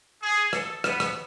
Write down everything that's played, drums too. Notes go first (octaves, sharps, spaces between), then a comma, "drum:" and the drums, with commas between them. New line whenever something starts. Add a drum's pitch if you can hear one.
G#4
A4, drum: rim click
B3, drum: rim click
drum: rim click